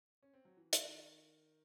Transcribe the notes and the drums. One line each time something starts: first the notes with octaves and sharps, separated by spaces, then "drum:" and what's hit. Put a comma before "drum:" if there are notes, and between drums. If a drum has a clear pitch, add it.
C#4
C4
F#3
E3
D#3, drum: hi-hat